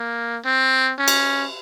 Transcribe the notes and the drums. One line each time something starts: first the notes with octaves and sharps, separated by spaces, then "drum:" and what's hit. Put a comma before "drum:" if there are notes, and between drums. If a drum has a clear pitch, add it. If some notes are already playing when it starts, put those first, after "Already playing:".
Already playing: A#3
C4
C#4
drum: cymbal